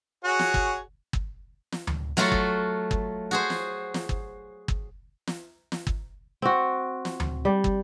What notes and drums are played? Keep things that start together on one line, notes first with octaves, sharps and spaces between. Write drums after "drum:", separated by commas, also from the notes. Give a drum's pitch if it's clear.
F#4 G#4 C#5
drum: snare
drum: kick
drum: kick
drum: snare
drum: tom D2
F#3 A3 F4 F#4, drum: snare
drum: kick
drum: kick
F#4 G#4 C5
drum: snare
drum: snare
drum: kick
drum: kick
drum: snare
drum: snare
drum: kick
C4 F#4
drum: snare
drum: tom D2
G3
drum: kick